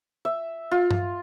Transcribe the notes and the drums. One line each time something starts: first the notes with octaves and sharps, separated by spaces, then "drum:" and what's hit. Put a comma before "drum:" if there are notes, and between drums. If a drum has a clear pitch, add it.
E5
F4
drum: tom G2